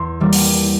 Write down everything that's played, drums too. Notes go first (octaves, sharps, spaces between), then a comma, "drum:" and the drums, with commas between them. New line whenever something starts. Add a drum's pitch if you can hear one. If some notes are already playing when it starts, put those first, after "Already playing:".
Already playing: E2 C6
E3 G3 A#3
drum: open hi-hat